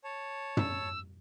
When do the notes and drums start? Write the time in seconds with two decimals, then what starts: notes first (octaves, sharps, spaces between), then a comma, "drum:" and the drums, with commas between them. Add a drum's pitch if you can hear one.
0.04 C#5 A5
0.57 E6, drum: tom